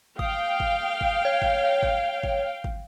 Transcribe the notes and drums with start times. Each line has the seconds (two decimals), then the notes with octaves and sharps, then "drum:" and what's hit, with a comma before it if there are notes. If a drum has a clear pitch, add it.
0.19 F5 G5 D#6, drum: kick G#1
0.60 drum: kick G#1
1.01 drum: kick G#1
1.25 C#5
1.42 drum: kick G#1
1.83 drum: kick G#1
2.23 drum: kick G#1
2.64 drum: kick G#1